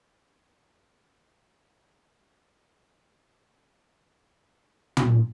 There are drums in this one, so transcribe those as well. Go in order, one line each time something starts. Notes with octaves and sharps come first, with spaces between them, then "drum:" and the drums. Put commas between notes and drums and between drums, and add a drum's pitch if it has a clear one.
C#3 G#3 D4
E2 C#3 C5
B1 F#3 G3
A#3 E4 F#5
drum: tom